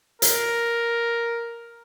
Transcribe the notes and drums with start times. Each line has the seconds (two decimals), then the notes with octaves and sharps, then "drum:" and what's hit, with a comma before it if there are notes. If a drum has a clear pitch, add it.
0.22 A#4, drum: hi-hat